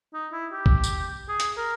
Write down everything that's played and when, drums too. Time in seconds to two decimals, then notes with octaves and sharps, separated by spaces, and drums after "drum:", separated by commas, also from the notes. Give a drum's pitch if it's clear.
0.14 D#4
0.33 E4
0.52 G4
0.66 drum: kick
0.84 drum: tambourine
1.29 G#4
1.40 drum: hi-hat
1.57 A#4